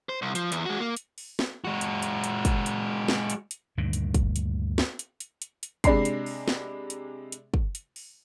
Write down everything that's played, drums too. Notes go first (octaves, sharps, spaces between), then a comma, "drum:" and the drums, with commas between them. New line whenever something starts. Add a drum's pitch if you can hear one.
C5
C2
F3, drum: hi-hat
E2, drum: hi-hat
G#3 F#4
A#3
drum: hi-hat
drum: open hi-hat
drum: snare
G#3 F#4
drum: hi-hat
drum: hi-hat
drum: hi-hat
drum: kick, hi-hat
drum: hi-hat
drum: snare
drum: hi-hat
drum: hi-hat
D2 G2 A#2 D#3
drum: hi-hat
drum: kick, hi-hat
drum: hi-hat
drum: snare
drum: hi-hat
drum: hi-hat
drum: hi-hat
drum: hi-hat
C3 G#3 D4 B5 C7, drum: kick, hi-hat
drum: hi-hat
drum: open hi-hat
drum: snare
drum: hi-hat
drum: hi-hat
drum: kick
drum: hi-hat
drum: open hi-hat